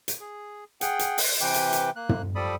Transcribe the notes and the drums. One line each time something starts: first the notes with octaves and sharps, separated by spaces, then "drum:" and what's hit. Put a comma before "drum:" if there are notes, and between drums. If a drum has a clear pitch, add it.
drum: hi-hat
G#4
G#4 F#5 G5, drum: hi-hat
drum: hi-hat
drum: open hi-hat
C3 E3 B4 G5 D6
drum: hi-hat
drum: hi-hat
A#3 F#6
drum: tom
F3 G3 A4 D5 B5 D#6